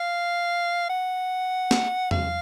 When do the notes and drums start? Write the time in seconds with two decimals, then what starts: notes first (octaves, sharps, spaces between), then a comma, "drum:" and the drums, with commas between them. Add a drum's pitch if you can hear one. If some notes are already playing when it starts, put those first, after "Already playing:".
Already playing: F5
0.89 F#5
1.71 drum: snare
2.11 F5, drum: tom E2